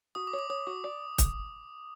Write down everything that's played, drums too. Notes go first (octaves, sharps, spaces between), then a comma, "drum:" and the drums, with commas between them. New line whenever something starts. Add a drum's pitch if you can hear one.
F#4 D#6
D6
C#5
D6
C#5 D#6
F#4
D5
drum: kick, hi-hat